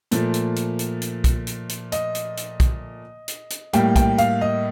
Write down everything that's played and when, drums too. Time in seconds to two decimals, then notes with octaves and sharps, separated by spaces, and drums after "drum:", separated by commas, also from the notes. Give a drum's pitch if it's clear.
0.11 A#2 F3 A3, drum: hi-hat
0.34 drum: hi-hat
0.56 drum: hi-hat
0.79 drum: hi-hat
1.02 drum: hi-hat
1.24 drum: kick B1, hi-hat
1.47 drum: hi-hat
1.69 drum: hi-hat
1.92 D#5, drum: hi-hat
2.15 drum: hi-hat
2.37 drum: hi-hat
2.60 drum: kick B1, hi-hat
3.28 drum: hi-hat
3.50 drum: hi-hat
3.73 A2 G3 A#3 G5, drum: hi-hat
3.96 G5, drum: kick B1, hi-hat
4.18 F5, drum: hi-hat
4.41 D#5